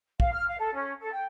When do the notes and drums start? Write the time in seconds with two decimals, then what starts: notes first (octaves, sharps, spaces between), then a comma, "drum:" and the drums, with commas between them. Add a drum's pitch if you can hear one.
0.20 F5, drum: kick
0.32 F6
0.46 F5
0.59 A4
0.73 C#4
0.99 A4
1.12 G5